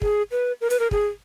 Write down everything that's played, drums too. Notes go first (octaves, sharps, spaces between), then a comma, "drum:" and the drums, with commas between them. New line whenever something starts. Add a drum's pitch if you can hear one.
G#4, drum: kick
B4
A#4
B4, drum: hi-hat
A#4
G#4, drum: kick